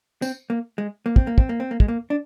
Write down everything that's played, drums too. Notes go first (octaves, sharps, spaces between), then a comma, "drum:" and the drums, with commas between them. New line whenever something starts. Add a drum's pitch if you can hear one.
C4, drum: tambourine
A#3
G#3
A#3
C4, drum: kick
A#3
C4, drum: kick
A#3
C4
A#3
G#3, drum: kick
A#3
D4